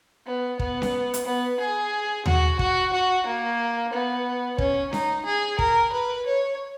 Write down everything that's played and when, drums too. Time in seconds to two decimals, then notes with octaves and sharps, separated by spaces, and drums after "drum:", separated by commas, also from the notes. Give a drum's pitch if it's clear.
0.26 B3
0.60 B3, drum: kick
0.82 drum: snare C#4
1.14 drum: hi-hat
1.26 B3
1.60 G#4
2.26 F#4, drum: tom D#2
2.59 F#4, drum: kick
2.93 F#4
3.26 A#3
3.93 B3
4.58 C#4, drum: kick
4.93 D#4, drum: snare C#4
5.25 G#4
5.59 A#4, drum: kick
5.92 B4
6.26 C#5